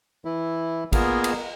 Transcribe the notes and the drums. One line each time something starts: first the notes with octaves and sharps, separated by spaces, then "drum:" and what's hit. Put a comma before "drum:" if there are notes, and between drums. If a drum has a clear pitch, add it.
E3 E4
A#3 B3 F4 G#4 A#4, drum: kick, cymbal
drum: cymbal